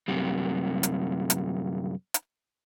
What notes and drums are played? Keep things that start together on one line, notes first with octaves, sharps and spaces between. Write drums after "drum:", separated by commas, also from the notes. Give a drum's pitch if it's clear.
F#2 C3 G3
drum: hi-hat
drum: hi-hat
drum: hi-hat